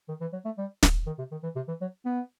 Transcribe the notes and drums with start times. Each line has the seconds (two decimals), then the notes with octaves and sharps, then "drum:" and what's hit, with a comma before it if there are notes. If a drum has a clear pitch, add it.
0.09 D#3
0.21 E3
0.33 F#3
0.45 A3
0.58 G3
0.83 drum: snare
1.07 D#3
1.19 C3
1.32 D#3
1.43 E3
1.56 C3
1.68 E3
1.81 F#3
2.06 B3